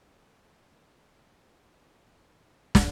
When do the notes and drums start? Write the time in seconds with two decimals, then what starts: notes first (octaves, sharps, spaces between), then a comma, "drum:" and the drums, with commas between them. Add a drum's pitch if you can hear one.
0.95 G4 E5
2.75 drum: snare